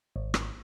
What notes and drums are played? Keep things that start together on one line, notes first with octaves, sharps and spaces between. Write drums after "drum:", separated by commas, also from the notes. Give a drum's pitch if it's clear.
G#1
drum: rim click